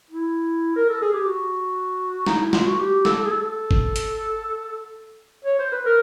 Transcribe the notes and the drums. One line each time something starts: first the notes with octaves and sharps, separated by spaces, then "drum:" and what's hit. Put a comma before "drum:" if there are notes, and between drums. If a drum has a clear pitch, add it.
E4
A#4
A4
G#4
G4
F#4
D#4, drum: snare
E4
F4, drum: snare
F#4
G4
A4, drum: snare
G#4
A4
drum: kick G1
drum: hi-hat
C#5
C5
B4
A#4